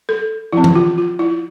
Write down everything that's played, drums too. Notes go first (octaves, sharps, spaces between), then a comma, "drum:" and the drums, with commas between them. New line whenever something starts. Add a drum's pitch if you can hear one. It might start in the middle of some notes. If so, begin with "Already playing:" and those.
A4
F3 C4 E4
drum: tom E3
F4
F4
E4